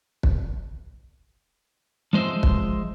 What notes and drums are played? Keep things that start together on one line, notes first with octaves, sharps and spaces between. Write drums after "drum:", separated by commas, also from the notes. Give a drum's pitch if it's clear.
drum: kick
F3 G#3 C5 D#5 E5
drum: kick